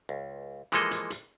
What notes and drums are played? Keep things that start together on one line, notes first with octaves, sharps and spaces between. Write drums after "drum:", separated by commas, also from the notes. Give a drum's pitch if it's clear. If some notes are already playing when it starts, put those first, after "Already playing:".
C#2
E3 F3 G#3 A#3 A4 D#5, drum: hi-hat
drum: hi-hat
drum: hi-hat